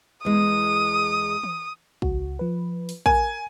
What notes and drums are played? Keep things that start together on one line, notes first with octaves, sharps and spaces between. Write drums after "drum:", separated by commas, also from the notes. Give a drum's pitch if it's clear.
E2 G#3 D#6
drum: tom E3
C#2 F#4, drum: kick
F3 B4
drum: open hi-hat
A#4 G#5, drum: kick